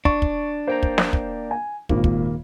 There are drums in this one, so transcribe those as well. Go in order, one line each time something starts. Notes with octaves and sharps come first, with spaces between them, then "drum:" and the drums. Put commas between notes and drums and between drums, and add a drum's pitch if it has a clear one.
D4 C#6, drum: kick
drum: kick
A#3 C5 G5 A#5
drum: kick
drum: snare
drum: kick
G#5
G#1 D#2 A#2 D#3 A#3, drum: kick
drum: kick